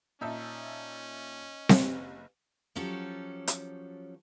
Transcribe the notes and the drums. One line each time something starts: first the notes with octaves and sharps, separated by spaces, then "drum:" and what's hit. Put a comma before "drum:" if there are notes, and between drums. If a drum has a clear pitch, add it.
A#2 C#4 D#4 E5 A5
F#1, drum: snare C4
F3 F#3 C#4 G4 A4
drum: hi-hat